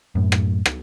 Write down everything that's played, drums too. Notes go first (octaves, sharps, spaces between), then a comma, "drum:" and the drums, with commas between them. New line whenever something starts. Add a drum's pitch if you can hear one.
F#2 A2
drum: rim click
drum: rim click